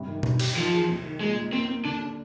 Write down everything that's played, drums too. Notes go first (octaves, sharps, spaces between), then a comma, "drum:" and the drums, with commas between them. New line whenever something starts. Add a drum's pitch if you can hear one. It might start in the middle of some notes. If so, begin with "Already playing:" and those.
Already playing: G2 C3
D#3
D4, drum: tom B2
G4, drum: cymbal
D#3 F3
G#4
C2
D#3
A#2 G#3
D#4
A#3 C4
A#3
D3 D4
D4